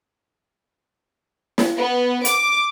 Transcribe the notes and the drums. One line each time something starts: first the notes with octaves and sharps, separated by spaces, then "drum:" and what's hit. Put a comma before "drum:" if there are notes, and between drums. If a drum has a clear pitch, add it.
drum: snare
B3
D6, drum: hi-hat